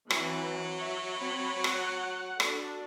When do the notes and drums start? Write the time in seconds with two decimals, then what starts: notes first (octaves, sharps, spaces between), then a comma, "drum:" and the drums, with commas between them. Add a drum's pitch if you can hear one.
0.10 E3 F#3 C4, drum: rim click
0.81 E5
1.16 C4 C#5 B5
1.64 F#5, drum: rim click
2.40 D4 F#4 A4, drum: rim click